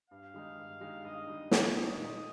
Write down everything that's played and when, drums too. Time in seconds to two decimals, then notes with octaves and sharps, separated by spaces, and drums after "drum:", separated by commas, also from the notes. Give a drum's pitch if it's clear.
0.10 G2 F5
0.34 D#3 G#3 D#4
0.58 G2
0.81 D#3 G#3 D#4
1.04 G2 D#5
1.27 D#3 G#3 D#4
1.51 G2 D5, drum: snare
1.75 D#3 G#3 D#4
1.97 A#2 D#5